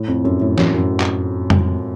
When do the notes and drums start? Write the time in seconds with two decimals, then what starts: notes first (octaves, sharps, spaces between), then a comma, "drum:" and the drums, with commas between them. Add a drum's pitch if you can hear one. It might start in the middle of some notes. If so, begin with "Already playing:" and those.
Already playing: A2
0.08 F2
0.25 F#2
0.41 A2
0.58 F#2, drum: snare
0.74 F#2
1.00 drum: clap
1.50 drum: tom F2